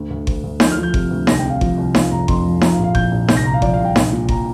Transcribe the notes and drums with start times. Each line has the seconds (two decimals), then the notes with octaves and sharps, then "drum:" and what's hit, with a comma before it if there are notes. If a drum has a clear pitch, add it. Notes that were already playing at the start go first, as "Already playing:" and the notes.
Already playing: D2
0.10 D2
0.27 D2, drum: kick G1
0.44 D2
0.60 F3 G6, drum: snare D#4
0.72 F6
0.77 F3
0.83 G6
0.94 C3, drum: kick G1
1.10 D2
1.27 C2 A#6, drum: snare D#4
1.39 G5
1.44 C3
1.50 F5
1.61 F3, drum: kick G1
1.78 C2
1.95 F3 F5, drum: snare D#4
2.11 F1 A#5
2.28 F2 C6, drum: kick G1
2.45 F3
2.61 F3 A#5, drum: snare D#4
2.73 F5
2.79 A#1
2.84 F5
2.95 A#1 G6, drum: kick G1
3.12 A#1
3.28 C2 G6, drum: snare D#4
3.37 A#6
3.45 C2 A#5
3.54 F5
3.62 F3 D5, drum: kick G1
3.74 F5
3.79 C2
3.85 G5
3.96 A#1, drum: snare D#4
4.12 A#2
4.29 A#1 A#5, drum: kick G1